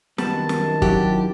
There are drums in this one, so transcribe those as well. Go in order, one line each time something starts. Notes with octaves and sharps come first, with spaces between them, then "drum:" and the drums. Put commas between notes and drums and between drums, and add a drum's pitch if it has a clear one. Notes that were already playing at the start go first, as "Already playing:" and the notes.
F#2 C3 D#3 G3 B3 A5, drum: snare
drum: snare
F#3 C#4 E4 G4, drum: kick